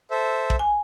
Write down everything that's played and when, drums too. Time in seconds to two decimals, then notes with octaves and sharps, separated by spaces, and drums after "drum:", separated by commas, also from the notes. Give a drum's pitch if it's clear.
0.11 A4 C5 E5
0.50 drum: kick
0.59 G#5